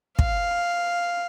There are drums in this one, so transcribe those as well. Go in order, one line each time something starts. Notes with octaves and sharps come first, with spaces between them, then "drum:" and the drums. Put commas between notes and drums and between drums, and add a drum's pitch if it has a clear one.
F5, drum: kick